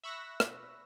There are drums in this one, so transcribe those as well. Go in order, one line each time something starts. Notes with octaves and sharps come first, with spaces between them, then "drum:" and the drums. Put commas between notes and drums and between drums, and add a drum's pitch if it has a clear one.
E5 B5 C#6 E6 F#6 A#6
drum: rim click